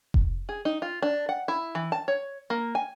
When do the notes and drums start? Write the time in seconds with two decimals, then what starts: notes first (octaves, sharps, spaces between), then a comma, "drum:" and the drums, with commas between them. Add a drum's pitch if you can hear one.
0.14 drum: kick F1
0.49 G#4
0.65 D#4
0.82 F4
1.02 D4
1.29 F#5
1.48 E4
1.75 E3
1.92 A5
2.08 C#5
2.50 A#3
2.75 G#5